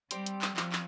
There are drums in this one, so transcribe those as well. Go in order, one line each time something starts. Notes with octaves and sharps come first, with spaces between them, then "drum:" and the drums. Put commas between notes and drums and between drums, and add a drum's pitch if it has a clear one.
G3 C4 G4 D5, drum: hi-hat
drum: hi-hat
drum: clap
F3, drum: clap
drum: clap